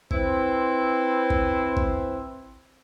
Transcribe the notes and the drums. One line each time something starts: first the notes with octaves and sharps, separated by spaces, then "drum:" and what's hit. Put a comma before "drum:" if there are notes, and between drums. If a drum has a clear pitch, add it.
C4 E4 B4 C5, drum: kick G#1
drum: kick G#1
drum: kick G#1